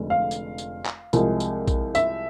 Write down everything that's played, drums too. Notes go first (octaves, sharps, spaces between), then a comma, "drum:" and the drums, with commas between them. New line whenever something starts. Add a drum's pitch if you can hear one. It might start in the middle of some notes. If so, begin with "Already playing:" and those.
Already playing: F1 F2 D3 G#3
F5
drum: tambourine
drum: tambourine
drum: clap
C2 C3 F3 G#3, drum: tambourine
drum: tambourine
drum: kick A#1, tambourine
E5, drum: tambourine